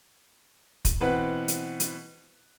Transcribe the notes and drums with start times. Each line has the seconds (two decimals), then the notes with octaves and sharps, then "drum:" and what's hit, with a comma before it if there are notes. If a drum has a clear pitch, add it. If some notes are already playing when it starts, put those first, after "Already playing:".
0.85 drum: kick, hi-hat
1.01 B2 E3 C4 B4 F#5
1.48 drum: hi-hat
1.80 drum: hi-hat